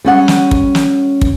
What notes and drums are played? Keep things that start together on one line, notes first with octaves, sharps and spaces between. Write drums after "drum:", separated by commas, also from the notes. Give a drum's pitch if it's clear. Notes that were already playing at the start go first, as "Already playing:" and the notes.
G3 C#4 F#5
drum: snare
drum: kick
drum: snare
drum: kick